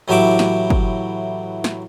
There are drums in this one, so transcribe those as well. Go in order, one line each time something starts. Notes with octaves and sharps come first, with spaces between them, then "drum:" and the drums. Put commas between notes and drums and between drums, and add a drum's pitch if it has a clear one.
A2 E3 F#3 G4 E5 D6
drum: snare
drum: kick
drum: snare